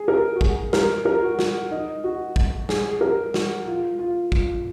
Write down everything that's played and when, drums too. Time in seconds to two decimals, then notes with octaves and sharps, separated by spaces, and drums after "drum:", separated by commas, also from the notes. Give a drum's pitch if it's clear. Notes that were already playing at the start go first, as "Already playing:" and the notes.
Already playing: G#4
0.08 A#4
0.36 F#4
0.41 G#4, drum: kick
0.73 A#4, drum: snare
1.05 A#4
1.22 F#4
1.39 F#4, drum: snare
1.71 D#4
2.04 F#4
2.36 drum: kick
2.69 G#4, drum: snare
2.90 G#4
3.01 A#4
3.34 F#4, drum: snare
3.67 F4
3.99 F4
4.32 F4, drum: kick